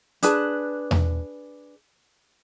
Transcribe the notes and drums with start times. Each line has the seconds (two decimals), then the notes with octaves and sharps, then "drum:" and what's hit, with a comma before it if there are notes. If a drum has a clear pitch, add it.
0.23 D4 G#4 B4 A5, drum: hi-hat
0.91 drum: tom E2